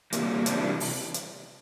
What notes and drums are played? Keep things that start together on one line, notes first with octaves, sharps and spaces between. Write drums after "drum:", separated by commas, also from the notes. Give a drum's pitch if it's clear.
C3 E3 G3 A#3, drum: hi-hat
C3 E3 G3 C4 D4, drum: hi-hat
D4 E4
drum: open hi-hat
drum: hi-hat